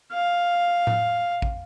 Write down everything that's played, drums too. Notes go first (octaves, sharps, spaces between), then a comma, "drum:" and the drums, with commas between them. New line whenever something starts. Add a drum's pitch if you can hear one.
F5
drum: tom A2
drum: kick A1